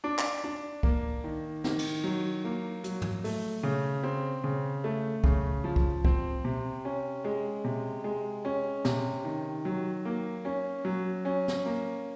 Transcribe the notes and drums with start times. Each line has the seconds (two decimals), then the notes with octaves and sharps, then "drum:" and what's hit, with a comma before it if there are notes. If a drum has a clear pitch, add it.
0.04 D4
0.19 drum: clap
0.44 D4
0.83 A#3, drum: kick
1.24 D#3
1.64 D#3, drum: snare
1.79 drum: cymbal
2.04 F#3
2.44 A#3
2.84 F#3, drum: hi-hat
3.02 drum: tom
3.24 A3, drum: open hi-hat
3.63 C#3
4.03 C4
4.44 C#3
4.84 A3
5.24 C#3, drum: kick
5.64 F3
5.76 drum: kick
6.05 C4, drum: kick
6.45 C3
6.85 C#4
7.24 G#3
7.64 C3
8.04 G#3
8.45 C#4
8.85 C3, drum: snare
9.24 D#3
9.65 F#3
10.05 A#3
10.45 C#4
10.85 F#3
11.25 C#4
11.48 drum: snare
11.65 A#3